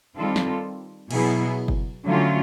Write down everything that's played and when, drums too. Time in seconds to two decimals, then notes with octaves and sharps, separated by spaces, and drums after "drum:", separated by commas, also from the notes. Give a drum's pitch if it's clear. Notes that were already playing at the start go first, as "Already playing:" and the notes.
0.16 D#3 G3 C4 F4 A4
0.36 drum: snare
1.11 B2 F#3 B3 E4 G#4, drum: cymbal
1.68 drum: kick F#1
2.05 D3 F#3 A3 C#4 F4